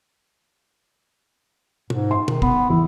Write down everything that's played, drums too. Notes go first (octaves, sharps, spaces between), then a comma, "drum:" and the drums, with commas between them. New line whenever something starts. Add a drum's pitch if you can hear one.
G#2, drum: tom
C6
D#3, drum: tom
B3, drum: kick
E2 E4